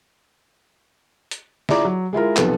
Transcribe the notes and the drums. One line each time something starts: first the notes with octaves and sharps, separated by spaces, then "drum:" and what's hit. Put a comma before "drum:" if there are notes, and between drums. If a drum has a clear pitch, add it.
drum: hi-hat
E4 F4 G#4 D5 A#5 D6, drum: snare
F#3
G#3 E4 F4 A#4
B1 C3 F3 B3 A4 B4, drum: clap